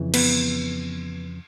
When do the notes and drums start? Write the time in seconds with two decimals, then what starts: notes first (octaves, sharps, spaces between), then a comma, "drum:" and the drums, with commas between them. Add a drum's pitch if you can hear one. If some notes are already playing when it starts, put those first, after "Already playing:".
Already playing: F2 C#3 E3
0.14 B3, drum: cymbal